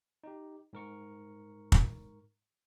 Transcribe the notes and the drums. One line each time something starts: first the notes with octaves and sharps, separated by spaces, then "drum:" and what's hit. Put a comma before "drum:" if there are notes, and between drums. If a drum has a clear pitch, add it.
D#4 G4
G#2 A#4 C#6
drum: kick